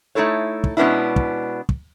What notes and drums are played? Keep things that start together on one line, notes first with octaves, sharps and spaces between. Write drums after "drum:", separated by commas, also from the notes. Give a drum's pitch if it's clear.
A3 D#4 E4 A4 C#5
drum: kick
B2 G#3 B3 C#4 D4 E4
drum: kick
drum: kick